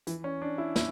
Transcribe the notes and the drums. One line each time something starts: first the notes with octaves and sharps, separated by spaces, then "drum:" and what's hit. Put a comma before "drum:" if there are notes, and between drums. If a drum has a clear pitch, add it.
E3, drum: hi-hat
C#4
D4
E4
E4, drum: snare